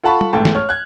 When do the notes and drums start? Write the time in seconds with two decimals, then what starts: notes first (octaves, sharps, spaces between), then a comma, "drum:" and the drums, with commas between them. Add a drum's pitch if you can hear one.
0.03 F4 A4 F#5 A5 B5 C#6
0.21 drum: tom G3
0.33 A1 G#2 A3 G5 A5
0.45 drum: snare
0.55 C#5 F6
0.69 F#6 G#6